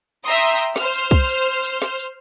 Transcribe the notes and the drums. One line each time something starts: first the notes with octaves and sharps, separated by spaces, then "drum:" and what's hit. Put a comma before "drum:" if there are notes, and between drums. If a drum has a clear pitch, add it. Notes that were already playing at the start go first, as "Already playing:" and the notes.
E5 G5 A#5 C6 D#6
drum: tambourine
C5 F6, drum: snare
drum: tambourine
drum: kick
drum: tambourine
drum: tambourine
drum: snare
drum: tambourine